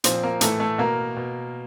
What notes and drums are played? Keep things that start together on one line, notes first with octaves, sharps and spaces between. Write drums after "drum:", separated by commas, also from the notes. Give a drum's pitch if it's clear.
A#2 F3 C4 C5, drum: hi-hat
A#3 A#4
A2 E3 A3 A4, drum: hi-hat
A3 A4
B2 A#3 A#4
B2